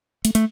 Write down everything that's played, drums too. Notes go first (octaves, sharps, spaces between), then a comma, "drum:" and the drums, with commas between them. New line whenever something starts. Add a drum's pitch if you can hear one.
A3, drum: hi-hat
A3, drum: hi-hat